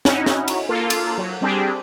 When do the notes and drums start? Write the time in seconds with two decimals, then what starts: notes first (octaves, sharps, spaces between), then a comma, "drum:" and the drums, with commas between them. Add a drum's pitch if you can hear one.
0.05 C#4 D#4 E4 F#4, drum: snare
0.26 drum: snare
0.48 drum: cymbal
0.69 A#3 F4 A4
0.90 drum: cymbal
1.18 F#3
1.41 G3 C4 D4 G4 G#4